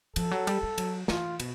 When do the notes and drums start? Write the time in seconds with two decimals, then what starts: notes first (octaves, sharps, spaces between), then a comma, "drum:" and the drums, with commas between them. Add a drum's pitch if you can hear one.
0.16 F3 A4, drum: cymbal
0.31 F#3
0.47 G3, drum: cymbal
0.63 G3
0.78 F#3, drum: cymbal
1.08 E3 F4, drum: snare
1.40 B2, drum: cymbal